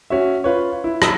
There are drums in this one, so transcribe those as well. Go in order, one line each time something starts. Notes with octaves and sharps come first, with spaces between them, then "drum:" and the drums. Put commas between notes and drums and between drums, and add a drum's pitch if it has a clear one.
C#4 F#4 E5
F4 B4 C#5
E4
A5 A#5 D#6 E6 B6, drum: rim click